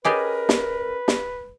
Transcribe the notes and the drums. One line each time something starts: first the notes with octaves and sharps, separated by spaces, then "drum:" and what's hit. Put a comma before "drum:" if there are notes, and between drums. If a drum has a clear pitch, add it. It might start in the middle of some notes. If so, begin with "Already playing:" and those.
C#4 G4 G#4 A#4 B4 D5 D#5 G#5
drum: snare
drum: snare